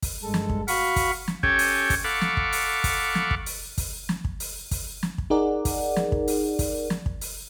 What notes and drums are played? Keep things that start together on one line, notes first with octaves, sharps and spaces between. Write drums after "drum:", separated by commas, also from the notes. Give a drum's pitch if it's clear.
drum: kick, open hi-hat
G2 G#3 A4
drum: snare
drum: kick
F#4 F5 B5 C#6, drum: open hi-hat
drum: kick, open hi-hat
drum: snare
C#4 G4 A4 C#5 G5 G#5, drum: kick
drum: open hi-hat
drum: kick, open hi-hat
A4 F5 F#5 B5 C#6 D6
drum: snare
drum: kick
drum: open hi-hat
drum: kick, open hi-hat
drum: snare
drum: kick
drum: open hi-hat
drum: kick, open hi-hat
drum: snare
drum: kick
drum: open hi-hat
drum: kick, open hi-hat
drum: snare
drum: kick
D#4 G#4 A#4 D5 F#5
drum: kick, open hi-hat
drum: snare
drum: kick
drum: open hi-hat
drum: kick, open hi-hat
drum: snare
drum: kick
drum: open hi-hat